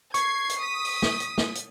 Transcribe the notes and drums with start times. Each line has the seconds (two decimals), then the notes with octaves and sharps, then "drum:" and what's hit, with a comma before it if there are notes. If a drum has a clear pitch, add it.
0.14 C#6 G#6 C7, drum: hi-hat
0.49 drum: hi-hat
0.59 D#6 B6
0.85 drum: open hi-hat
1.02 drum: snare
1.20 drum: hi-hat
1.38 drum: snare
1.55 drum: hi-hat